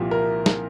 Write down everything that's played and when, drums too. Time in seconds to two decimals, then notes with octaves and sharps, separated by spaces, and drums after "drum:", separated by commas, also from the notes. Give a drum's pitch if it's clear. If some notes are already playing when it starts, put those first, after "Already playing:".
Already playing: C2 A#2 F3 G4
0.11 A#4
0.46 drum: snare